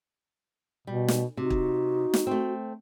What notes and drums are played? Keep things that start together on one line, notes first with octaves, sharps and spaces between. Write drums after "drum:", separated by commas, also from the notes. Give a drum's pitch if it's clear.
B2 G3
drum: snare
C3 D#4 F#4
drum: kick
drum: snare
A3 C4